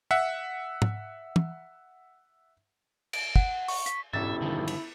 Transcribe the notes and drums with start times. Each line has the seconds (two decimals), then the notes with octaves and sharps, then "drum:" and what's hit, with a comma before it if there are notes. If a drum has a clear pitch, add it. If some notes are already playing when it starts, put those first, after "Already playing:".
0.11 E5 F#5
0.82 drum: tom
1.36 drum: tom
3.13 D7, drum: cymbal
3.36 F#5, drum: kick
3.68 C#6, drum: open hi-hat
3.86 B6, drum: hi-hat
4.13 E1 A1 G#2 E4 E5 A6
4.41 G2 D3 D#3 F3
4.68 drum: cymbal